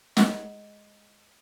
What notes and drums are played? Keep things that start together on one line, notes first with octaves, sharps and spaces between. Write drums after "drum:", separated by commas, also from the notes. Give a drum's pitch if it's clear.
G#3 F#5, drum: snare